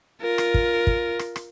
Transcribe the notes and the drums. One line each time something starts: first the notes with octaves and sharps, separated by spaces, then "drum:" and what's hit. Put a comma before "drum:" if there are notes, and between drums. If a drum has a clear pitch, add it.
F4 A#4
drum: rim click
drum: kick
drum: kick
drum: rim click
drum: rim click